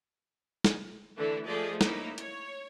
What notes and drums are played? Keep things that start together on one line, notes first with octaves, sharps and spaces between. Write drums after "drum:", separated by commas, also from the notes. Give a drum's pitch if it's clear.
drum: snare
D3 E3 A3 E4
F3 A3 G#4 D5 D#5
A#3 C#4 D#4 E4, drum: snare
C#5, drum: hi-hat